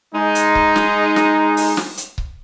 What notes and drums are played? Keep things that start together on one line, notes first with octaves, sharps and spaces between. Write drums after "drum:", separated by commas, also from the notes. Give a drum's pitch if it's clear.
G#3 D#4
drum: hi-hat
drum: kick C#1
drum: snare
drum: snare
drum: open hi-hat
drum: snare
drum: hi-hat
drum: kick C#1